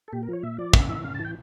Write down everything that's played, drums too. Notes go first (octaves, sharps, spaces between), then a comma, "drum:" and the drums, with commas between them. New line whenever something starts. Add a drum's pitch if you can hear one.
A4
A#2 G4
A#4
F3 C#5
A#2 E5
F3 D5
C#3 E5, drum: kick
E3 E5
C#3 F5
A5
E3
G5